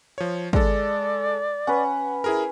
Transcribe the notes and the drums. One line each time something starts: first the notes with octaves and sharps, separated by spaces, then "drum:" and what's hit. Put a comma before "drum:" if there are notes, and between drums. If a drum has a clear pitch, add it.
F3 C#5
G#3 A4 D5, drum: kick
C#4 B4 F#5
E4 G#4 A#4